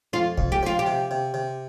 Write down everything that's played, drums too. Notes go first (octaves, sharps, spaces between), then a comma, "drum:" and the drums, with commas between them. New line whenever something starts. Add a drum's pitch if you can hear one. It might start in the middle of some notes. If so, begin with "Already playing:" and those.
F2 F4
F2, drum: kick
G4
F3 F4
G4
C3
C3
C3